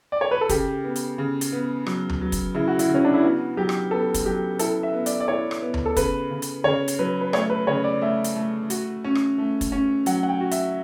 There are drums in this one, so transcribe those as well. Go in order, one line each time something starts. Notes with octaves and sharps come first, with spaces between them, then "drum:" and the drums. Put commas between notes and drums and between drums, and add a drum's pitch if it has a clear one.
D5
C#5
B4
A4
C#3 G4, drum: kick, hi-hat
B3
drum: hi-hat
C#3
drum: hi-hat
B3
F#3, drum: rim click
drum: tom D2
F#3
drum: kick, hi-hat
C#3 E4
F#4
E4, drum: hi-hat
C#3
C#4
D4
E4
B3 F#4
F#3 G4
drum: rim click
B3 A4
drum: kick, hi-hat
F#3 G4
E4 A4, drum: hi-hat
E5
B3
D5, drum: hi-hat
D5
E4 C#5
drum: rim click
B3
drum: tom D2
A4
C#3 B4, drum: kick, hi-hat
C#3
drum: hi-hat
C#3 C#5
drum: hi-hat
F#3 B4
B4
A3 C#5, drum: rim click
B4
C#3 C#5
D5
A3 E5
drum: hi-hat
A3
F#4, drum: hi-hat
C#4
drum: rim click
A3
drum: kick, hi-hat
C#4
F#3 F#5, drum: hi-hat
F#5
G5
F#4
E5, drum: hi-hat